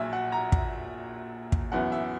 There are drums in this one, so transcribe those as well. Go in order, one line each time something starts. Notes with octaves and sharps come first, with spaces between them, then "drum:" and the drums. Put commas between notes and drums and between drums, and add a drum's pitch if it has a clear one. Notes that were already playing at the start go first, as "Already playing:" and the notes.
Already playing: A#1 A#2 F#3 E5
F#5
A#5
drum: kick
drum: kick
F#2 E3 B3 F#5
E5